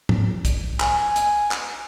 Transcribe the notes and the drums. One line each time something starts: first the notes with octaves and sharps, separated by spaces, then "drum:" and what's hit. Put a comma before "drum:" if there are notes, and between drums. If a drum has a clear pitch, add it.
drum: tom
drum: kick, hi-hat
G#5, drum: clap
drum: hi-hat
drum: clap